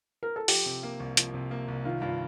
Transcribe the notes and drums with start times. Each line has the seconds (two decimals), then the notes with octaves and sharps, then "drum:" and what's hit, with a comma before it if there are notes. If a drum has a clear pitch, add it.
0.23 A#4
0.36 A4
0.48 F3 G4, drum: open hi-hat
0.66 C3
0.83 A#3
1.00 C2
1.17 F3, drum: hi-hat
1.34 C3
1.51 A#3
1.68 C2
1.85 D#3 F4
2.02 G2 F4